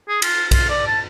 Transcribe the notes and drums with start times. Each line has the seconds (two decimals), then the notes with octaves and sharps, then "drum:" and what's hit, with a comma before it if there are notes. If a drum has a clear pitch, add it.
0.09 G#4
0.22 F4, drum: cymbal
0.51 F4, drum: kick B1, cymbal
0.69 D5
0.86 A5